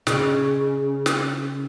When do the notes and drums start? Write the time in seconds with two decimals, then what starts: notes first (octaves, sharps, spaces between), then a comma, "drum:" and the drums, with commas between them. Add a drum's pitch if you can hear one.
0.07 C#3, drum: snare
1.06 drum: snare